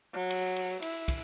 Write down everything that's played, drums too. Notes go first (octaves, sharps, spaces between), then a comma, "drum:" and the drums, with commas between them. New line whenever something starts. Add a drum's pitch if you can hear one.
F#3
drum: cymbal
drum: cymbal
E4, drum: cymbal
drum: kick, cymbal